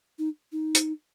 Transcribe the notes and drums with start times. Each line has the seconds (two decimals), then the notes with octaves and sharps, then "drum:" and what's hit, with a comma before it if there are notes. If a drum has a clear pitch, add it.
0.19 D#4
0.52 D#4
0.75 drum: hi-hat